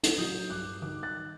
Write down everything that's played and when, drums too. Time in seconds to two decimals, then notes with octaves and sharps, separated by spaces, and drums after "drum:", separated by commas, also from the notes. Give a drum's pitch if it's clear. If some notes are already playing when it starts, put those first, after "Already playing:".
0.03 drum: hi-hat
0.18 F#3 D#6 G6
0.50 G2 D6 F#6
0.82 D#3 D6 F#6
1.03 F#6 A6